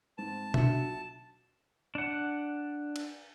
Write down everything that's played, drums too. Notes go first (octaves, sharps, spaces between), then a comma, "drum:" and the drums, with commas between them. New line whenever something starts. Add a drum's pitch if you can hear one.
G#2 C4 A5
B1 D4 F4 F#4 E5 C#7, drum: tom B2
D4 F#5
drum: cymbal